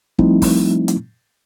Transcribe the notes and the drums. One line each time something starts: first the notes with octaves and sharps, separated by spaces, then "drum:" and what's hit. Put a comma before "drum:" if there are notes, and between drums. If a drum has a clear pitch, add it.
F3 G3 A3 C4 D#4 E4, drum: kick
drum: kick, open hi-hat
drum: hi-hat